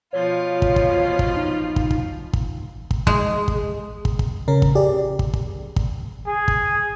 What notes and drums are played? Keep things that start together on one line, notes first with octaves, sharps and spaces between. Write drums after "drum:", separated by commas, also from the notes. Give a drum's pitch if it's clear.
B2 F3 F4 C#5
drum: kick
drum: kick
drum: kick
D#4
drum: kick
drum: kick
drum: kick
drum: kick
G#3, drum: kick
drum: kick
drum: kick
drum: kick
C#3 C#4 A#4
drum: kick
G4 G#4 D5
drum: kick
drum: kick
drum: kick
G#4
drum: kick